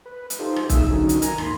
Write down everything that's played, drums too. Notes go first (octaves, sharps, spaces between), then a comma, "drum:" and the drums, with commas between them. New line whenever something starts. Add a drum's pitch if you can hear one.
B4
drum: hi-hat
D#4 F4 G4 A4 C5
drum: rim click
G#2 A#3 D#4 G#4 E5 E6, drum: kick, hi-hat
D3 D#3 F#3 C#4 D#4
drum: hi-hat
A#4 G#5 A#5, drum: hi-hat
D#2 G#2 B5 C6, drum: rim click